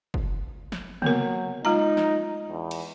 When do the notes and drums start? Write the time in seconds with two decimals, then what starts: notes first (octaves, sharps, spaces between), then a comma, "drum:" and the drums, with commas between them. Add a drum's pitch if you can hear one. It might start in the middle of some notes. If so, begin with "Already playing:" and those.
0.14 drum: kick
0.72 drum: snare
1.02 F#3 A#3 B3 A#4, drum: tom C3
1.65 G#3 D#4 F4 A#5
1.97 drum: snare
2.48 E2
2.71 drum: cymbal